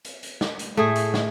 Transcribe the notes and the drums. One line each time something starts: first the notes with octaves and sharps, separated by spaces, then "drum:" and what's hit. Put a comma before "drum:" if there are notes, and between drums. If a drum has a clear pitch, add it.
drum: hi-hat
drum: hi-hat
drum: snare
drum: hi-hat
A2 A3 G#4
drum: hi-hat
drum: snare